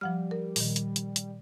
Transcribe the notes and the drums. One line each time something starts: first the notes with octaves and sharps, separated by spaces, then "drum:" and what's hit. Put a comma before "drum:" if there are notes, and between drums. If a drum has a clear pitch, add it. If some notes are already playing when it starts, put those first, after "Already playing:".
F3 G3 F#5 F6
A#4
A#2 D#3, drum: open hi-hat
drum: hi-hat
drum: hi-hat
drum: hi-hat